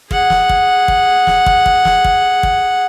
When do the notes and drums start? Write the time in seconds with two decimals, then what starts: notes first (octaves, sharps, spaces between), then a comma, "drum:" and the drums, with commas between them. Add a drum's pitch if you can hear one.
0.11 G#4 F#5, drum: kick
0.30 drum: snare
0.49 drum: kick
0.88 drum: kick
1.27 drum: snare
1.46 drum: kick
1.66 drum: kick
1.85 drum: snare
2.04 drum: kick
2.43 drum: kick